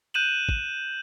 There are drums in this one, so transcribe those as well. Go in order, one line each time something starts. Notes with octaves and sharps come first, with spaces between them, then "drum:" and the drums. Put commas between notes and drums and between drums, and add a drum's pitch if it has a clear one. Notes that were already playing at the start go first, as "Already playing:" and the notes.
F#6 G6 D#7 E7 F#7
drum: kick